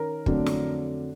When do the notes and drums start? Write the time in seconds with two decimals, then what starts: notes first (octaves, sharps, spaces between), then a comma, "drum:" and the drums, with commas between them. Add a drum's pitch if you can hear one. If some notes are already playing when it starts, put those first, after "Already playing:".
Already playing: D#3 C#4 A#4
0.26 F2 D3 F#3 A3 D4, drum: kick
0.46 drum: snare